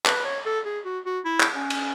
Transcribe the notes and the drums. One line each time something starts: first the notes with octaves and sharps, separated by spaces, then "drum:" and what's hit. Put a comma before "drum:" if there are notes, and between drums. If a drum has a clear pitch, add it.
B4, drum: clap
C#5
A4
G#4
F#4
F#4
E4
drum: clap
C#4
drum: cymbal